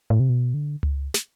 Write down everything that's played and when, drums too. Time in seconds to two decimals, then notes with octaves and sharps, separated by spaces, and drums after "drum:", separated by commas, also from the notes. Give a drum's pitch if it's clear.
0.10 A2
0.20 C3
0.29 B2
0.54 D3
0.83 drum: tom C#2
1.14 drum: snare